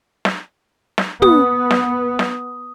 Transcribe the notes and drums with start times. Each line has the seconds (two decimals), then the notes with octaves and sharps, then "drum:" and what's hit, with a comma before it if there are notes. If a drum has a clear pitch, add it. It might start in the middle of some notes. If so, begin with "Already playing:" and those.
0.25 drum: snare
0.98 drum: snare
1.22 B3 D#6, drum: tom
1.71 drum: snare
2.19 drum: snare